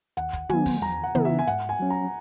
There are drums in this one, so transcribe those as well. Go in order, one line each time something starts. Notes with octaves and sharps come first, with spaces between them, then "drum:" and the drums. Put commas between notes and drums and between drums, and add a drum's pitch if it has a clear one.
D#2 F#5, drum: hi-hat
drum: kick, hi-hat
D#3 F#3 B3 G#5, drum: tom
drum: kick, open hi-hat
E2 A#5
F#5
C#3 E3 B3 E4, drum: tom
E5
G#5
G#2 F#5, drum: hi-hat
G#5
F#3 C#4
A#5